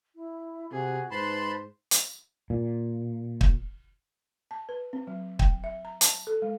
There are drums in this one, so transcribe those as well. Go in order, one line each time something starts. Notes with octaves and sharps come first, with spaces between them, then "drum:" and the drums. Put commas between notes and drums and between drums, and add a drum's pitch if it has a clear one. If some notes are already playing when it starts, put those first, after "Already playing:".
E4
C3 F#4 G#4
G#2 B4 C5 A5 B5 C6
drum: hi-hat
A#2
drum: kick
A5
B4
C4
F#3
G5, drum: kick
E5
A#5
A5, drum: hi-hat
A4
G#3